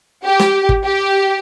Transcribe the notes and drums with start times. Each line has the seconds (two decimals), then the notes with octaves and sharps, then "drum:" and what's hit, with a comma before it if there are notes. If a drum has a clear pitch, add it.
0.24 G4
0.40 drum: snare
0.69 drum: kick
0.84 G4